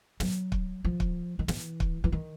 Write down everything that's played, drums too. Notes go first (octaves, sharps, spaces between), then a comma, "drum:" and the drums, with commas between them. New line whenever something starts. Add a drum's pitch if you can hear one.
F#3, drum: snare
drum: kick
F3
drum: kick
D#3
E3, drum: snare
drum: kick
E3
D#3